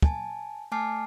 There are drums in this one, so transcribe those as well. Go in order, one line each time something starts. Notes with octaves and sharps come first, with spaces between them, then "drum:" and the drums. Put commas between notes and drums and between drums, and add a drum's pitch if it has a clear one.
G#5 A5, drum: kick
A3 G#5 A5 D6 F6 C7